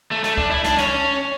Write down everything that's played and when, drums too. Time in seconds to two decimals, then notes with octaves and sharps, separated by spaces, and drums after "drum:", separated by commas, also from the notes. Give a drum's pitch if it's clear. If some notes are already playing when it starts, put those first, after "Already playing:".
0.11 A3
0.24 A3, drum: snare
0.38 D4, drum: kick C#2
0.51 E4
0.64 D4, drum: snare
0.78 C#4, drum: snare